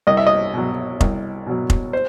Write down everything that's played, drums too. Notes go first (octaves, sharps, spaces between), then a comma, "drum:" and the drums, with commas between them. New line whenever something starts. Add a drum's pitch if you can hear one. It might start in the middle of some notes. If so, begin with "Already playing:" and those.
C2 D#5
E5
D#5
B2 F#3
C2, drum: kick F1
B2 F#3
drum: kick F1
C5